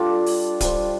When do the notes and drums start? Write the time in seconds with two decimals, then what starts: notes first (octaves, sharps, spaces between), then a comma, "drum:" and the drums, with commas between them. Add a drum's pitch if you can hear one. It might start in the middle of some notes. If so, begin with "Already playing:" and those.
Already playing: G3 D4 F4 A4
0.26 drum: open hi-hat
0.61 G3 D4 F4 C5, drum: kick D1, hi-hat